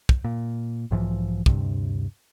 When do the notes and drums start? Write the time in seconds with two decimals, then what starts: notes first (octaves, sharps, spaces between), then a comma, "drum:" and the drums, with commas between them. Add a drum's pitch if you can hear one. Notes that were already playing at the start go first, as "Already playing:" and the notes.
0.09 drum: kick
0.24 A#2
0.91 B1 G#2 E3 F3
1.46 D2 G2 C3, drum: kick